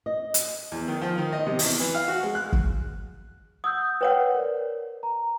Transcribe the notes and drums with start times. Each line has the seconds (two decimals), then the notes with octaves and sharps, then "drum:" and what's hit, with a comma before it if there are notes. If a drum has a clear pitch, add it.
0.06 D#5
0.34 drum: hi-hat
0.72 E2
0.88 D#3
1.02 F3
1.18 D#3
1.32 D#5
1.47 C3
1.59 E2, drum: open hi-hat
1.80 E3
1.94 F5
2.08 F#4
2.23 G#3
2.35 F#6
2.53 drum: kick
3.64 F#5 D#6 E6 G6
4.01 B4 C#5 F#5 G5
4.34 A#4 D5
5.03 A#5